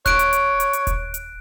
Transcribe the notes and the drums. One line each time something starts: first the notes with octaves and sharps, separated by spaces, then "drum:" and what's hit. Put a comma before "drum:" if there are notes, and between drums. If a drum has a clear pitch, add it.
C#5 F#6 D7, drum: kick D#1, hi-hat
drum: hi-hat
drum: hi-hat
drum: hi-hat
drum: hi-hat
drum: kick D#1, hi-hat
drum: hi-hat